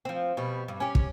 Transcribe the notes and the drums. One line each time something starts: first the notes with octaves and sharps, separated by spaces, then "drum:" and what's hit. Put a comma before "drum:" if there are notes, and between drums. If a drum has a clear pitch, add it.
F3 C4
B2 G3
G2
C#4 G4
drum: kick